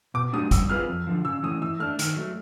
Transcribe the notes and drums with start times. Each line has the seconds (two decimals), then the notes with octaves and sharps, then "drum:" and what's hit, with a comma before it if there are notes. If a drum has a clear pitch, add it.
0.14 B2 D6
0.33 F#3 A3 D4 G4 D#6
0.51 G3 E6, drum: kick, hi-hat
0.70 C4 F4 G#4 B4 F6
0.89 F2
1.07 D3 F3
1.25 C#3 E6
1.43 E3 A3 C#4 D#6
1.62 E3 E6
1.80 A3 D4 F6
1.99 D#3 F6, drum: hi-hat
2.16 F#3 A3